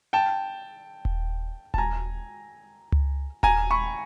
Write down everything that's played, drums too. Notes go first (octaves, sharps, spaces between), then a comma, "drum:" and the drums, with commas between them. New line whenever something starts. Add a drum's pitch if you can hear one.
G5 A5
drum: kick D#1
A5, drum: kick D#1
G#5 A#5
drum: tom C#2
G#5 A#5, drum: kick D#1
B5 C#6